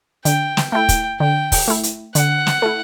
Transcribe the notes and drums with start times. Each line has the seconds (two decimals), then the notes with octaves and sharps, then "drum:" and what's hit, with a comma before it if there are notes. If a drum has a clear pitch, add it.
0.25 D3 G5, drum: hi-hat
0.57 drum: snare
0.72 A3 E4 G5
0.89 drum: kick, hi-hat
1.20 D3 G5
1.52 drum: kick, open hi-hat
1.68 A3 E4
1.83 drum: hi-hat
2.15 D3 F#5, drum: hi-hat
2.47 drum: snare
2.62 A3 E4